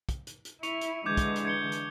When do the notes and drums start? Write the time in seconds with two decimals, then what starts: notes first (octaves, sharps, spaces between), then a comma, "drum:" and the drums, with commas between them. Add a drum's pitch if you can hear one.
0.09 drum: kick, hi-hat
0.27 drum: hi-hat
0.45 drum: hi-hat
0.63 E4 C#6 C#7 F7, drum: hi-hat
0.81 drum: hi-hat
1.06 D3 E3 G#3 D6 G6 G#6
1.17 drum: kick, hi-hat
1.36 drum: hi-hat
1.45 G#6 C#7 G7
1.72 drum: hi-hat